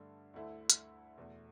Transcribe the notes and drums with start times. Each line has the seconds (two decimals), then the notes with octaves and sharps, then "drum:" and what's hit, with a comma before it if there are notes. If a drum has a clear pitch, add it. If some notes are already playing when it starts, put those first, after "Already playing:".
Already playing: G2 D3 A3
0.34 D2 D3 A3 E4
0.70 drum: hi-hat
1.18 E2 B2 A3